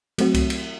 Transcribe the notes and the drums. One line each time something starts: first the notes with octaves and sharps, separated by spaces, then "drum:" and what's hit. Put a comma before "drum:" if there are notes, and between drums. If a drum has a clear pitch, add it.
F#3 A3 C4 F#4, drum: cymbal
drum: kick C2, cymbal
drum: cymbal